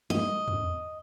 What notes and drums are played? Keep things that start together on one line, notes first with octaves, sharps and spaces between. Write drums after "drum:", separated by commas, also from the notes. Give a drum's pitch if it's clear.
D#5, drum: tom G3
drum: tom E2